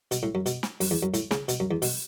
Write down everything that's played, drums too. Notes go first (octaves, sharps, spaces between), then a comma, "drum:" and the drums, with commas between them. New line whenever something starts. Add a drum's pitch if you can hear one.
B2, drum: hi-hat
A2
F#2
B2, drum: hi-hat
drum: snare
F#2, drum: open hi-hat
E2
F#2
A2, drum: hi-hat
C#3, drum: snare
B2, drum: hi-hat
F#2
E2
B2, drum: open hi-hat